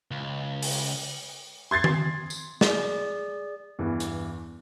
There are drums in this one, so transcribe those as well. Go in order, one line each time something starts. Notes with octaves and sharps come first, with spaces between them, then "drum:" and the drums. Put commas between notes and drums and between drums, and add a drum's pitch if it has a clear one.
C#2
drum: open hi-hat
C6 G#6 A6 C7
drum: tom D#3
drum: tambourine
G#4 D5, drum: snare
E2 G2 E3
drum: hi-hat